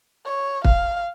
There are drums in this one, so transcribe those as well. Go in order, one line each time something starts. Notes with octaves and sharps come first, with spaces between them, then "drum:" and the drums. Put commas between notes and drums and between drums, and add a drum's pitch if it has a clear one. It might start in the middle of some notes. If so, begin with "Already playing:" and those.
C#5
F5, drum: kick